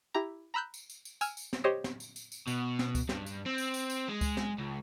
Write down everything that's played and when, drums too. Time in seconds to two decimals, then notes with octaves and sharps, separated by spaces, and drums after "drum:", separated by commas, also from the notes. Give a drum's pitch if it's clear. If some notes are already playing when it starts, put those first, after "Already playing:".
0.14 E4 G4 A#5
0.54 A#5 B5 E6 F#6 G6
0.74 drum: tambourine
0.90 drum: tambourine
1.05 drum: tambourine
1.21 G#5 E6 F6, drum: tambourine
1.37 drum: tambourine
1.53 drum: snare
1.64 G4 C5 C#5 D#5
1.84 drum: snare
2.00 drum: tambourine
2.16 drum: tambourine
2.32 drum: tambourine
2.47 B2, drum: tambourine
2.79 drum: snare
2.95 drum: kick C#2, tambourine
3.09 G2, drum: snare
3.26 drum: tambourine
3.46 C4
3.58 drum: tambourine
3.74 drum: tambourine
3.90 drum: tambourine
4.09 G#3
4.21 drum: kick C#2, tambourine
4.37 drum: snare
4.59 C#2